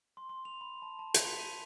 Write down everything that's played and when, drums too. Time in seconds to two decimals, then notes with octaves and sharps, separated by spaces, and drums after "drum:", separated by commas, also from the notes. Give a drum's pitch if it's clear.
0.17 C6
0.29 C6
0.45 F7
0.61 B5
0.82 A5
0.99 A5
1.14 F7, drum: hi-hat
1.28 B6
1.39 D#7